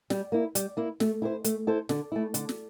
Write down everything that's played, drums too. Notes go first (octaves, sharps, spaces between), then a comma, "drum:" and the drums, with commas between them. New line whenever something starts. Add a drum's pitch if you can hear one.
G3, drum: snare
A#3 E4
G3, drum: hi-hat
A#3 E4
A3, drum: snare
E4 A4 C5
A3, drum: hi-hat
E4 A4 C5
D3, drum: snare
A3 E4
D3, drum: hi-hat
drum: snare